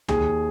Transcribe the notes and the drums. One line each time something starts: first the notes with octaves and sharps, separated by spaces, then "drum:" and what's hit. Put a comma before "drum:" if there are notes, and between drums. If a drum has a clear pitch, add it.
D#2 G#4, drum: tom C#2